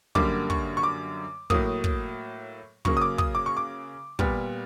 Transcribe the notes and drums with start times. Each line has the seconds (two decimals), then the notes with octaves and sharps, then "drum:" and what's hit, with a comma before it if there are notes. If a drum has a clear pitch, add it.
0.15 F#2 D3 G3 A#3 D6, drum: kick
0.50 C#6, drum: kick
0.77 C#6
0.83 D6
1.50 A2 F#3 A#3 D#6, drum: kick
1.84 drum: kick
2.85 C#3 F#3 A#3 C#6, drum: kick
2.97 D#6
3.01 D6
3.18 D#6, drum: kick
3.35 D6
3.46 C#6
3.57 D6
4.19 A#2 G3 B3, drum: kick